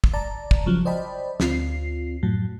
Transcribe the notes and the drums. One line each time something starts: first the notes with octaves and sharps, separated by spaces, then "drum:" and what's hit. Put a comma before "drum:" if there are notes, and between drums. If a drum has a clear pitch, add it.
drum: kick
D5 A5 A#5
drum: kick
C#3 F3 F#3
C5 D5 D#5 G5 A5 B5
D2 C4 F4 C7, drum: snare
F#2 A2 F#3